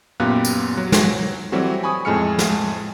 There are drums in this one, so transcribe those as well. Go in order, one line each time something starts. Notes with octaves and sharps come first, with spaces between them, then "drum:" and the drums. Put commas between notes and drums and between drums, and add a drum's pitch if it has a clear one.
F#2 A#2 B3 G4 F5 F#6
drum: tambourine
F#3
drum: snare
E3 F#3 G3 A3 C4 F#4
G#5 B5 C#6 D#6
F2 A2 G#3 G#5 F6 C#7
drum: snare